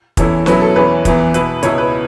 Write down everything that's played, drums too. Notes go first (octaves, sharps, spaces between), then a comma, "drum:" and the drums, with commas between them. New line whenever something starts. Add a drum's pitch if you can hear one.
E2 E3 C#4 E4 A4, drum: kick, hi-hat
B2 F#3 C#4 E4 B4, drum: snare
A4
E2 E3 C#4 B4
E2 E3 B3, drum: kick, hi-hat
B2 B3 E4 B4, drum: hi-hat
C#2 B2 B3 E4 C#5, drum: hi-hat
B4